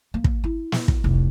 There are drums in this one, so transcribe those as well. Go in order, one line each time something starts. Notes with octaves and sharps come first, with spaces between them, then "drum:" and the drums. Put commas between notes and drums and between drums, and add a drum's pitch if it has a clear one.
A#3
drum: kick
E4
drum: snare
drum: kick
F1 C2